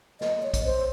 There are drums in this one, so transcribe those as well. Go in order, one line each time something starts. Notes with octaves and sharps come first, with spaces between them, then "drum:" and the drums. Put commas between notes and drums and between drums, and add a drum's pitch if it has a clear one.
D#5, drum: snare
C#5
drum: kick, hi-hat
C5